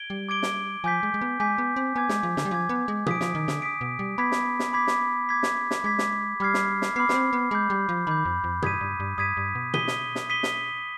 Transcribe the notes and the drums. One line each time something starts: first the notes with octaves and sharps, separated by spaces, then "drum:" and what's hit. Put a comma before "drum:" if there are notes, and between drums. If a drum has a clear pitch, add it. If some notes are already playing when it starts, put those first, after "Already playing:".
Already playing: G#6 D7 G7
G3
D6 G#6 D7 G7
drum: snare
F3 G#5 D6 G6 B6
G#3
G#3
B3
G#3 G#5 D6 G6 B6
B3
C4
B3 G#5 D6 G#6
G#3, drum: snare
F3
D3, drum: snare
G3
F3 G#5 D6 G#6
B3
G#3
F3 D#6 B6 D7, drum: tom B2
F3, drum: snare
D#3
D3, drum: snare
D#6 B6 D7
B2
G3
B3 B5 D6 G#6 B6
drum: snare
drum: snare
B5 D6 G#6 B6
drum: snare
D6 G#6 B6
drum: snare
drum: snare
G#3 D6 G#6 B6
drum: snare
G3 B5 D6 F6 G#6 C7
drum: snare
drum: snare
B3 B5 D6 F6 G#6 C7
B3, drum: snare
C4
B3
G#3 B5 D6 G6
G3
F3
D#3 B5 D6 G6
F2
F2
G2 D#6 G#6 B6 D#7, drum: tom B2
G2
G2
G2 D#6 G#6 B6 D#7
G2
B2
D#6 B6 D#7 G7, drum: tom B2
drum: snare
drum: snare
D#6 B6 D#7 G7
drum: snare